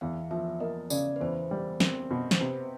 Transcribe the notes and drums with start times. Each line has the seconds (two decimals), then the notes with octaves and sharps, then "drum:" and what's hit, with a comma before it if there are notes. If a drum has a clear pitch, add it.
0.01 E2 F5
0.31 F3 E5
0.60 A#3 D#5
0.90 C#3 D5, drum: tambourine
1.16 B4
1.20 E2 C5
1.51 G3
1.80 C4, drum: snare
2.11 B2
2.31 C5, drum: snare
2.41 C3 B4